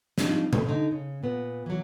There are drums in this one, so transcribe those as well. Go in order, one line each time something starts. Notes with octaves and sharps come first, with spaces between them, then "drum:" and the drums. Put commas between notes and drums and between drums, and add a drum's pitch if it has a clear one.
F3 G3 C4 D4 D#4 F4, drum: snare
F2 A3, drum: tom B2
D3 D#4
C#3
A#2 B3
E3 F#3